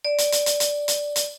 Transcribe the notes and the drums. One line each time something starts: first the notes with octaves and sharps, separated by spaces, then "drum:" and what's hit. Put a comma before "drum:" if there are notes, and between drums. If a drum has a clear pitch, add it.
D5
drum: hi-hat
drum: hi-hat
drum: hi-hat
drum: hi-hat
drum: hi-hat
drum: hi-hat